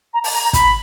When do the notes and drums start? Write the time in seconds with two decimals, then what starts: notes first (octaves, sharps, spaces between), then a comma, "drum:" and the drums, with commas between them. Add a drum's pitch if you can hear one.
0.13 A#5
0.24 A5, drum: open hi-hat
0.33 A#5
0.44 A#5
0.53 B5, drum: kick, hi-hat